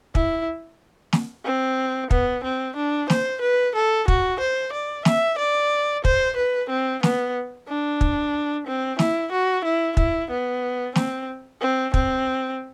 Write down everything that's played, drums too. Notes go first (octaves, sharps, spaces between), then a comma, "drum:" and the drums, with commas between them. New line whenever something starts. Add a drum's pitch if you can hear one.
E4, drum: kick
drum: snare
C4
B3, drum: kick
C4
D4
C5, drum: snare
B4
A4
F#4, drum: kick
C5
D5
E5, drum: snare
D5
C5, drum: kick
B4
C4
B3, drum: snare
D4
drum: kick
C4
E4, drum: snare
F#4
E4
E4, drum: kick
B3
C4, drum: snare
C4
C4, drum: kick